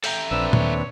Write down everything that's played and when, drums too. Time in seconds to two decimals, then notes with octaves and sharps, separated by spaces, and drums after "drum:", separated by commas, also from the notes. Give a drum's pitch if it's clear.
0.04 A4 E5 G5 A#5, drum: open hi-hat
0.31 A#1 C4 D4 B4 E6
0.53 D#2 C#5, drum: tom